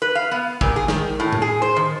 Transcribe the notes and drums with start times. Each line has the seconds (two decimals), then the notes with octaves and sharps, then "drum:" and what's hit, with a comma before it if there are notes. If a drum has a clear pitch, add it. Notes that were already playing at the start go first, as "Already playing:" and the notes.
0.02 B4
0.15 F5
0.31 B3
0.61 A#2, drum: kick
0.76 G#4
0.88 D#3, drum: snare
1.20 A2
1.33 drum: tom A2
1.42 G#4
1.62 C5
1.76 D#3